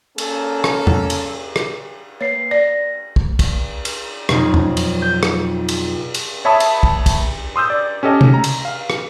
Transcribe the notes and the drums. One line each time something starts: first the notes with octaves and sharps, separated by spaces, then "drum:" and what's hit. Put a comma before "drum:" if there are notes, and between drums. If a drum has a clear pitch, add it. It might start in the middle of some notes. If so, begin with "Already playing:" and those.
A#3 C#4 A4, drum: cymbal
drum: rim click
drum: tom E2
drum: cymbal
drum: rim click
A#3 B4 C#5 C7
D5 A#6
drum: kick
drum: kick, cymbal
drum: cymbal
F2 B2 F#3 D#4, drum: rim click
drum: tom E2
drum: cymbal
G6
drum: rim click
drum: cymbal
drum: cymbal
C#5 E5 A5 B5 D#6
drum: cymbal
drum: kick
drum: kick, cymbal
C6 D#6 E6 G6
D5
C#4 G4 A4 D#5
drum: tom
A#5
drum: cymbal
F5
drum: rim click